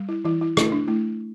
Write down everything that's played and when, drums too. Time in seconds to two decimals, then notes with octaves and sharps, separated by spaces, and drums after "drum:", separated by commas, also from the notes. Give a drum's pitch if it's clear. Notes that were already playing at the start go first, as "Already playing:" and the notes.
Already playing: G3
0.09 E4
0.25 E3 E4
0.41 E4
0.57 A3 E4, drum: rim click
0.72 D4
0.87 A3 E4